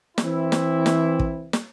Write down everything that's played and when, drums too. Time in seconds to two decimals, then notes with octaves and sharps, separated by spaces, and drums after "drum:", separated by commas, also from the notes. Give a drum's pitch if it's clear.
0.18 E3 C4 E4, drum: snare
0.52 drum: snare
0.86 drum: snare
1.19 drum: kick
1.53 drum: snare